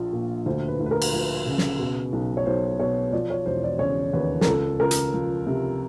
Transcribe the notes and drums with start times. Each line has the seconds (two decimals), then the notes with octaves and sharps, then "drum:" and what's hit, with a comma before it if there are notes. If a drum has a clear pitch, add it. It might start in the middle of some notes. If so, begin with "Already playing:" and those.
Already playing: A#1 F3
0.13 A#2
0.46 D2 C5
0.68 B4
0.80 D2
0.86 B4
0.91 A#4
1.02 drum: cymbal
1.13 F3 B4
1.47 C#3
1.58 drum: snare
1.79 B2
2.13 B1
2.37 C#5
2.46 B1 C5
2.80 B2 C#5
3.12 F3 D5
3.30 C#5
3.46 E1 C5
3.64 D5
3.79 C#3 C#5
4.13 D#2 B4
4.41 A#4, drum: snare
4.46 C#2 A4
4.80 C#2 A#4
4.91 drum: hi-hat
5.14 F3
5.47 C3